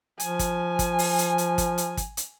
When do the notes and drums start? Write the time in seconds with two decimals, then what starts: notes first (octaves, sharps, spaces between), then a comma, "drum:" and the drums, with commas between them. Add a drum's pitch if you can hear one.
0.20 F3 G#5, drum: hi-hat
0.39 drum: kick, hi-hat
0.79 drum: kick, hi-hat
0.99 drum: open hi-hat
1.18 drum: hi-hat
1.38 drum: hi-hat
1.58 drum: kick, hi-hat
1.78 drum: hi-hat
1.97 drum: kick, hi-hat
2.17 drum: hi-hat